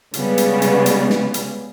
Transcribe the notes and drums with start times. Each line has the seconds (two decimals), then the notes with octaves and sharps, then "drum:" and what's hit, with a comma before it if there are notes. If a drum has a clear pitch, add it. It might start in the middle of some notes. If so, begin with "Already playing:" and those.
0.14 C#3 G3 G#3 B3, drum: hi-hat
0.38 drum: hi-hat
0.62 drum: hi-hat
0.86 drum: hi-hat
1.10 drum: snare
1.34 drum: hi-hat